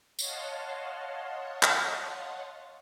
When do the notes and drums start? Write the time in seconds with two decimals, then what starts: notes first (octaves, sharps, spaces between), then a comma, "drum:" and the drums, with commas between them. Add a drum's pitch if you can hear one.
0.19 C#5 D#5 F5 F#5 A5 C6, drum: tambourine
1.63 drum: clap